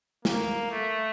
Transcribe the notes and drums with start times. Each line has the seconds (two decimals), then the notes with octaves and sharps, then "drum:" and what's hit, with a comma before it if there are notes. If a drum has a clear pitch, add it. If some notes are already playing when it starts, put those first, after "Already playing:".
0.25 A#3, drum: snare
0.71 A3